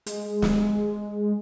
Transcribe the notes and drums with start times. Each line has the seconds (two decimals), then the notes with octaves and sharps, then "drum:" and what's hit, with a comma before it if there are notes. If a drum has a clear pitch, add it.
0.06 G#3, drum: hi-hat
0.42 drum: snare